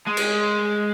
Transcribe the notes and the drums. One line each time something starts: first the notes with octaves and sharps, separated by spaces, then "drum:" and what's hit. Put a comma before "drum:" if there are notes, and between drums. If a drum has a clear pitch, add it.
G#3
drum: cymbal